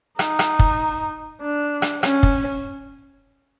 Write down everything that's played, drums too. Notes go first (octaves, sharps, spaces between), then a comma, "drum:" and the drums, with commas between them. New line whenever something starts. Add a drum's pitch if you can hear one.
D#4, drum: rim click
drum: rim click
drum: kick
D4
drum: rim click
C#4, drum: rim click
drum: kick